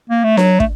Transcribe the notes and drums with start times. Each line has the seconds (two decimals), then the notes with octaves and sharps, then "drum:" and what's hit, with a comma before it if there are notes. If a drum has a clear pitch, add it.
0.10 A#3
0.24 A3
0.37 F#3, drum: snare D4
0.60 A3, drum: kick